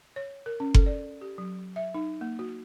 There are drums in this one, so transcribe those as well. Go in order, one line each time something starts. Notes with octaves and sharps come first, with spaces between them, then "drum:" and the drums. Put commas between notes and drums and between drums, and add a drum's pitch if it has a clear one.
C#5
A#4
C#4
A4, drum: kick F#1
D5
G4
F#3
E5
D#4
A#3
F#4